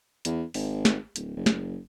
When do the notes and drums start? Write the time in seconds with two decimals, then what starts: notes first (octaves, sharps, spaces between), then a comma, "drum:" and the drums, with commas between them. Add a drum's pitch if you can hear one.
0.25 E2, drum: hi-hat
0.54 G#1, drum: open hi-hat
0.85 drum: snare
1.16 D1, drum: hi-hat
1.36 F#1
1.46 drum: snare